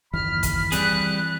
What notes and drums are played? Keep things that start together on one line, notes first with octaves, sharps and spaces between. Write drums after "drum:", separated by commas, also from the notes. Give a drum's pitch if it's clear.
F#1 D#2 E3 B5 F6
drum: kick G#1, hi-hat
E3 G3 C4 G#4 F#6, drum: hi-hat